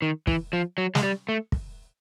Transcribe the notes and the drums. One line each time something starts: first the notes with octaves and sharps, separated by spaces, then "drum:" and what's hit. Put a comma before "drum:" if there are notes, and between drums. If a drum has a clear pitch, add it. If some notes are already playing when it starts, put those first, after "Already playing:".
D#3
E3, drum: kick
F3
F#3
G#3, drum: snare
G3
A3
drum: kick